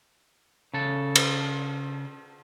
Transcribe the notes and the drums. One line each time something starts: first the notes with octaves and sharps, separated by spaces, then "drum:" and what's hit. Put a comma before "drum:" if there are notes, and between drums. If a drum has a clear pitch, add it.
C#3 A4
drum: cymbal